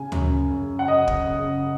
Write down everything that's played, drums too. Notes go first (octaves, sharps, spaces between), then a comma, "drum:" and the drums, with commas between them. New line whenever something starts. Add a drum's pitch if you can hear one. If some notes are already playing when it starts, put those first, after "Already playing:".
Already playing: C#3 G#5
F#2, drum: tom D2
C#3
F#5
F#2 D#5
drum: kick
C#3